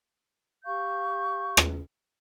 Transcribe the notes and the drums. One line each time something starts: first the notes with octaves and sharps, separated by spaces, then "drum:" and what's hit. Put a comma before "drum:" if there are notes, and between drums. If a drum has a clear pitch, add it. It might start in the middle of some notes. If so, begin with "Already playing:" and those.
G4 F5 C#6 G6
drum: rim click